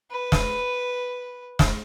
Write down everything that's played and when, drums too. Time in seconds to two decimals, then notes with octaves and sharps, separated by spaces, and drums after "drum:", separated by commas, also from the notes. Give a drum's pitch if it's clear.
0.11 B4
0.32 drum: snare
1.59 drum: snare